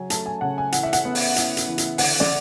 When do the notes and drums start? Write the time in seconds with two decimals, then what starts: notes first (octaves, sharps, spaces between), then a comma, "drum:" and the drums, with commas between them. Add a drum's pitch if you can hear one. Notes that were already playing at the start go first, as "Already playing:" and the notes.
Already playing: C#3 F#3 G#5
0.10 A3 A5, drum: hi-hat
0.26 G#5
0.41 C#3 F#5
0.58 G#5
0.72 E3 F#5, drum: hi-hat
0.83 E5
0.93 F#5, drum: hi-hat
1.05 B3
1.15 drum: open hi-hat
1.36 E4, drum: hi-hat
1.57 drum: hi-hat
1.68 E3
1.78 drum: hi-hat
1.98 D3 F#5, drum: open hi-hat
2.20 D5, drum: snare